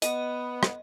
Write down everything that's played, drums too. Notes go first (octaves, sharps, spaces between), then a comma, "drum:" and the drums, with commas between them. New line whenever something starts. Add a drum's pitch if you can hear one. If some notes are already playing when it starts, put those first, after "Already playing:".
B3 D#5, drum: hi-hat
drum: rim click